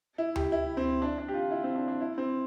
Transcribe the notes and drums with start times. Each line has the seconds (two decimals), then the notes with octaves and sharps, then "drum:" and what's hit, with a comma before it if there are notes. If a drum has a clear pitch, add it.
0.18 E4
0.36 G4, drum: tom D2
0.52 E4
0.77 C4
1.02 D4
1.18 D4
1.28 G4
1.34 F4
1.51 E4
1.64 C4
1.76 D4
1.88 D4
2.01 E4
2.18 C4